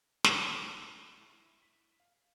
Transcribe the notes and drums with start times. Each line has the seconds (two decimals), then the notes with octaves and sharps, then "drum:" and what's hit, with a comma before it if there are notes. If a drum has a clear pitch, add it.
0.24 A3, drum: snare
0.45 G#4
0.83 B5
1.19 E4
1.62 B6
2.00 F5